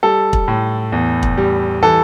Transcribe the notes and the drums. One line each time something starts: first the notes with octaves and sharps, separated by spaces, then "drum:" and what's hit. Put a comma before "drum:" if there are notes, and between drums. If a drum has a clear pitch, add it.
G3 A4
drum: kick
A2
E2
drum: kick
G3
E3 A4